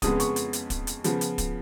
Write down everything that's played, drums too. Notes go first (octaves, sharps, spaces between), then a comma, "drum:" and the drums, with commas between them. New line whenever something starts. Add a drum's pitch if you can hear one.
F2 C#3 G#3 B3 D#6, drum: kick, hi-hat
C#6, drum: hi-hat
drum: hi-hat
drum: hi-hat
drum: kick, hi-hat
drum: hi-hat
C#3 F3 B3, drum: hi-hat
drum: hi-hat
drum: kick, hi-hat